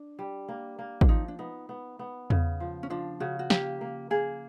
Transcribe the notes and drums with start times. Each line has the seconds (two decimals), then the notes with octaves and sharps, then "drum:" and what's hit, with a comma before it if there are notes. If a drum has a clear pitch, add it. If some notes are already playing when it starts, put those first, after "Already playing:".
Already playing: D4
0.19 G3
0.49 A#3
0.79 A#3
1.01 D4, drum: kick
1.09 F3 D#4
1.28 D4
1.39 B3 D#4
1.69 B3
1.99 B3
2.30 C#3, drum: tom E2
2.60 F3
2.83 C#4
2.90 F3 D4
3.20 C#3 F#4
3.39 F#4
3.50 A#3 G4, drum: snare
3.81 A#3
4.10 A#3 G#4